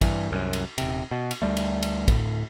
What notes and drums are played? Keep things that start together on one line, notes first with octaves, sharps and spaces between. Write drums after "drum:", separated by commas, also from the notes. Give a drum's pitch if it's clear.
G2 E3, drum: kick, cymbal
C2 F#2
drum: cymbal
D#1 C3, drum: cymbal
B2
drum: cymbal
D2 G3 A3
drum: cymbal
drum: cymbal
D1 A2, drum: kick, cymbal